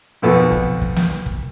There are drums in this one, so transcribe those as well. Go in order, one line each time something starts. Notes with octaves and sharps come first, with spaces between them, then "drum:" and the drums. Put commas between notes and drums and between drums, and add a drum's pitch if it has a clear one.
B1 F2 B2 A4
drum: kick
drum: kick
drum: snare
drum: kick